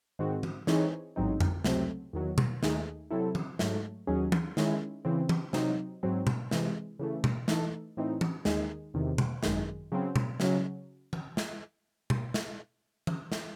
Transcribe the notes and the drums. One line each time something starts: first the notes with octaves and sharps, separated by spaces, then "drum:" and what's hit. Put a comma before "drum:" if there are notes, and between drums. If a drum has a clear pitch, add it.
G#2 D#3 G#3 C4 F#4
drum: tom E3
E3 C4 D#4 G#4 C#5, drum: snare
A1 G#2 F#3 C4 D#4
drum: tom F2
C#2 C3 F#3 A3 C4, drum: snare
E2 D#3 F#3
drum: tom B2
D#2 D#3 A3 D#4 G#4, drum: snare
C3 F#3 C4 E4 A4
drum: tom E3
G#2 F#3 A3, drum: snare
D#2 D#3 F#3 C#4 G#4
drum: tom E3
D#3 G#3 C#4 E4, drum: snare
C#3 E3 C4
drum: tom E3
C3 F#3 C4 D#4, drum: snare
G#2 F#3 C4
drum: tom B2
C3 E3 G#3, drum: snare
C#3 E3 A3
drum: tom B2
E3 A3 D#4 A4, drum: snare
A2 E3 C4 D#4
drum: tom E3
D#2 D#3 G#3 D#4 G#4, drum: snare
E2 C3 D#3
drum: tom B2
G#1 F#2 D#3 G#3, drum: snare
C#3 F#3 C4
drum: tom B2
C#3 F#3 C#4, drum: snare
drum: tom E3
drum: snare
drum: tom B2
drum: snare
drum: tom E3
drum: snare